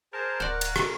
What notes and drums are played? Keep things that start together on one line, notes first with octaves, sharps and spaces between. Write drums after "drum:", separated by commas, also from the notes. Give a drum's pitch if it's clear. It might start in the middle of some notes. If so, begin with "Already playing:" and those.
G#4 A#4 C5 A5
D1 C5 D5 F#5 C#6
drum: cymbal
A4, drum: rim click